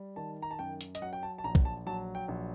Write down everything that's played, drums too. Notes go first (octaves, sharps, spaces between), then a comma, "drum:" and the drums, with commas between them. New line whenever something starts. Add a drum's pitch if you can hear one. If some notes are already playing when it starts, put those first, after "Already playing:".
Already playing: G3
D#3 A5
A#5
A5
F#2 G5
drum: hi-hat
D#5, drum: hi-hat
F#3 F#5
G5
A5
A5
A#1 A#5
drum: kick
A5
F#3 A5
G5
A#1